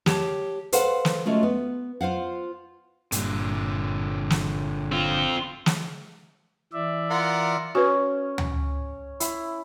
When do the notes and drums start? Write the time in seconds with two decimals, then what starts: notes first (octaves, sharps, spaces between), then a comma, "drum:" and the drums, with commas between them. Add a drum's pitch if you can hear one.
0.06 G4 C#5 A5, drum: snare
0.72 A4 B4 C5 F5 F#5, drum: hi-hat
1.05 drum: snare
1.25 G#3 A3 C#4 F4 F#4
1.43 B3
2.01 F4 C5 F5 F#5
3.12 G1 G2 A#2 D3, drum: hi-hat
4.30 drum: snare
4.92 C4 F4
5.66 drum: snare
6.73 E3 D5 E5
7.10 F4 A#4 F#5
7.75 C#4 F#4 B4
8.38 drum: tom D2
9.20 E4, drum: hi-hat